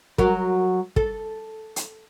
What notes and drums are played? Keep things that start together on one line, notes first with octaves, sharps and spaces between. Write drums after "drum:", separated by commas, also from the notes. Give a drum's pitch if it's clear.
F#3 A#4, drum: kick
A4, drum: kick
drum: hi-hat